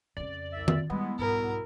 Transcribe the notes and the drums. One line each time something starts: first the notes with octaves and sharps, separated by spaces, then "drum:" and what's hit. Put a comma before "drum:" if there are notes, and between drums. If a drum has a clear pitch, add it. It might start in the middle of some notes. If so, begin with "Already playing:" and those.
F2 C#3 D5
C2 E5
drum: tom D#3
G3 G#3 B3 E4
C2 G#2 B2 E4 A#4